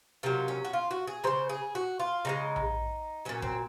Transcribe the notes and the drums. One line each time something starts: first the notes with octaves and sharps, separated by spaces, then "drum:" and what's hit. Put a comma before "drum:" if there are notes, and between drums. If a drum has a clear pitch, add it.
C3 D#3 F#3 F4
C#4
F#4
F4
F#4
G#4
C#3 F#3 C5
G#4
F#4
F4
C#3 F3 G#3 D#4
drum: tom A#1
A#2 F#3 C#4
C4, drum: kick